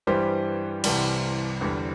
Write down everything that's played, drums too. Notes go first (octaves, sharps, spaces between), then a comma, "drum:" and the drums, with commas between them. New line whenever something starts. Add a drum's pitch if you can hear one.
G2 E3 G3 G4 C5
C2 C3 E3 G3, drum: cymbal
E2 D3 G3